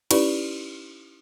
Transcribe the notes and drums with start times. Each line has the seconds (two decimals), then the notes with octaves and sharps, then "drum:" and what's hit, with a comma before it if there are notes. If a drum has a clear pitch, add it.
0.11 C#4 D#4 E4 G4 B4 D5, drum: cymbal